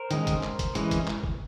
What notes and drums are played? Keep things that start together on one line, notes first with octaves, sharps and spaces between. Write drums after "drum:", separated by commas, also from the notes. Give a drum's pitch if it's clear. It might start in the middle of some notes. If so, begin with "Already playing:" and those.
Already playing: A#4 C5
D#3 G#3 C#4, drum: hi-hat
drum: kick, hi-hat
drum: clap
drum: kick, hi-hat
E3 G#3 C#4, drum: hi-hat
drum: kick, hi-hat
drum: clap
drum: kick